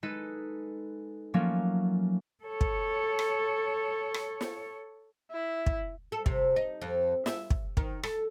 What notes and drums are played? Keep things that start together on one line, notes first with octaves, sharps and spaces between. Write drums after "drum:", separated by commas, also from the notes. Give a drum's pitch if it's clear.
G#3 D#4 A4 B4
F3 F#3 A3 A#3 C#4
A4 C#5
drum: kick
drum: rim click
drum: rim click
drum: snare
E4
drum: kick
A4
C3, drum: kick
D#4
F2
E5, drum: snare
drum: kick
D#3, drum: kick
A4, drum: rim click